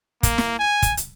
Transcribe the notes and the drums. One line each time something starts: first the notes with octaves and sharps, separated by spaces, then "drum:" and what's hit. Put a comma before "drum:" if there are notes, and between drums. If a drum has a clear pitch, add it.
A#3, drum: kick, hi-hat
drum: snare
G#5
drum: kick, hi-hat
drum: hi-hat